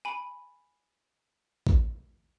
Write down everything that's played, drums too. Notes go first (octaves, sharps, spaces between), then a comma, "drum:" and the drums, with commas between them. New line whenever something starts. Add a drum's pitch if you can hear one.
G#5 B5
drum: kick A1